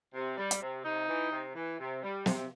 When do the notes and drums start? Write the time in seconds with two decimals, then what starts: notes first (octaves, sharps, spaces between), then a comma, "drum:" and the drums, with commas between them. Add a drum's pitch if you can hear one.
0.15 C3
0.37 G3
0.51 drum: hi-hat
0.62 C3
0.84 C3 D#4
1.08 E3
1.32 C3
1.55 E3
1.79 C3
2.03 G3
2.26 C3, drum: snare